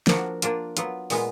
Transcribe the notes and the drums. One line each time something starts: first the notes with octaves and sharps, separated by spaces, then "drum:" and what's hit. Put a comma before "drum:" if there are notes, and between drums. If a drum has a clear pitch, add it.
F3 A#3 D4 F#4, drum: snare
A#3 D4 F4 A#4, drum: hi-hat
F#3 B3 F4, drum: hi-hat
A#2 G#3 B3 F4, drum: open hi-hat